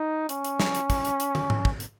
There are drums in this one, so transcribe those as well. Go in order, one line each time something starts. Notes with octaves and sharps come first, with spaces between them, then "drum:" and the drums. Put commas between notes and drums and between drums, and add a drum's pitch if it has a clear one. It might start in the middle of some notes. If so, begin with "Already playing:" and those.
Already playing: D#4
C#4, drum: hi-hat
drum: hi-hat
drum: snare
drum: hi-hat
drum: kick, hi-hat
drum: hi-hat
drum: hi-hat
drum: tom
drum: tom G#2
drum: kick
drum: hi-hat